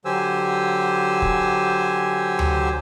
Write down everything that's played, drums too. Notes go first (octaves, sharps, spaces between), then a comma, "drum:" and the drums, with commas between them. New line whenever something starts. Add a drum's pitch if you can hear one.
D3 F#3 G4 C5 G#5 E6
drum: kick
drum: tom D2